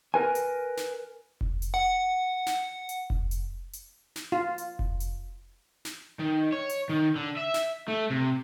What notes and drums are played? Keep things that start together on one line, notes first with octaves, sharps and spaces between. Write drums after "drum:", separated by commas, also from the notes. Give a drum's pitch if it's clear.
A#4 B4 G#5
drum: hi-hat
drum: snare
drum: kick F1
drum: hi-hat
F#5
drum: snare
drum: hi-hat
drum: kick F1
drum: hi-hat
drum: hi-hat
drum: snare
F4
drum: hi-hat
drum: kick F1
drum: hi-hat
drum: snare
D#3
C#5
drum: hi-hat
D#3
D3
E5
drum: snare
A3
C3